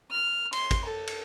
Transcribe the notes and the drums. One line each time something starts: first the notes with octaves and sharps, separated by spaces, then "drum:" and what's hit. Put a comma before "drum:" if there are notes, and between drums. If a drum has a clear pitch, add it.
F6
C6, drum: cymbal
drum: kick, cymbal
A4
drum: cymbal